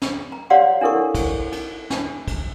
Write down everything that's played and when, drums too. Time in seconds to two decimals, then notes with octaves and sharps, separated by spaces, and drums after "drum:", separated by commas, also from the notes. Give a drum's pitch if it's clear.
0.02 drum: snare
0.32 A#5
0.50 G4 C#5 D5 F5 F#5 C6
0.81 D4 E4 A4 A#4 C#6
1.15 drum: kick, cymbal
1.52 D#4, drum: cymbal
1.90 D4 D#4, drum: snare
2.28 drum: kick, cymbal